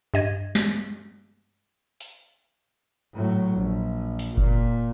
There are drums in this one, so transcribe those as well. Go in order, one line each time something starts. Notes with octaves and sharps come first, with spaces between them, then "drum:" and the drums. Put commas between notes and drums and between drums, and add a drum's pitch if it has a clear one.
G2 D#5 G#6
drum: snare
drum: hi-hat
A2 F#3
A#1
drum: hi-hat
A#2, drum: kick F#1